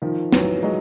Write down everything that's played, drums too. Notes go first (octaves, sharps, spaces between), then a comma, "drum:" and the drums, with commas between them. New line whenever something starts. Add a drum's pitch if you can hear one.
D#3 F3
E3 F#3, drum: snare
F#3 G#3